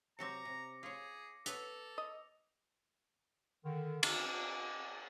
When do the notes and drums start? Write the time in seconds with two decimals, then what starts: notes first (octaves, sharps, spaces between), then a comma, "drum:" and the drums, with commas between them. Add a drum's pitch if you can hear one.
0.19 C3 F#3 C5 A#5 D6 A#6 C#7
0.45 C3
0.83 F4 G#4 C#5
1.46 B3 A4 B4 C#5 F7, drum: hi-hat
1.98 D#5
3.65 D3 D#3
4.03 D#5 F#5 G#5 A5 D6, drum: cymbal